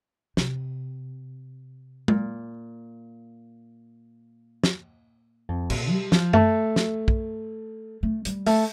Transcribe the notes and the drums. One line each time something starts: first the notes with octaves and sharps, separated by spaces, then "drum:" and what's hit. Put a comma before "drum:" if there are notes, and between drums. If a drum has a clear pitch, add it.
C3, drum: snare
A#2, drum: tom G#3
drum: snare
F2
A#2, drum: cymbal
G3
F3, drum: snare
A3, drum: tom F#2
drum: snare
drum: kick
A3
G3, drum: hi-hat
A3, drum: open hi-hat